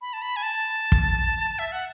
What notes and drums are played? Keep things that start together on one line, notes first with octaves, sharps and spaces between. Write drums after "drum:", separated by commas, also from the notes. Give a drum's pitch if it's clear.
B5
A5
B5
G#5
A5
drum: kick
E5
F#5